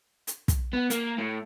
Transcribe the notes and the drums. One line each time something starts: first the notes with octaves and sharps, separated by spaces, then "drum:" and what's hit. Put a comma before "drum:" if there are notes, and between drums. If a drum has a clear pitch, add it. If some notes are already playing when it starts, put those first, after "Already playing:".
drum: hi-hat
drum: kick, hi-hat
B3
A#3, drum: hi-hat
A2